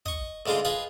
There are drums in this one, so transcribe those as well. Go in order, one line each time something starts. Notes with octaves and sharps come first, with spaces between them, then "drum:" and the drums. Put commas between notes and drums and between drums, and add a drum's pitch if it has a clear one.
D#5 C#6, drum: kick
D2 C#3 G#3 F4 D6
F4 G#4 B4 D#5